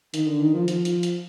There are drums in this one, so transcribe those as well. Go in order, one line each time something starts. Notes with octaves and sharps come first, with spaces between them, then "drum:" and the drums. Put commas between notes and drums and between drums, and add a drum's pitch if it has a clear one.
D#3, drum: hi-hat
D3
D#3
F3
F3, drum: hi-hat
drum: hi-hat
drum: hi-hat